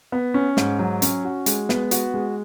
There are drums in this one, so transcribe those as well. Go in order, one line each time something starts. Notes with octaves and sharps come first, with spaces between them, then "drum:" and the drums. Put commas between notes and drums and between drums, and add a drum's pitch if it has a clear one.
B3
C#4
G#2, drum: snare
F#3
C#4, drum: hi-hat
F#4
G#3, drum: hi-hat
B3, drum: snare
F#4, drum: hi-hat
G#3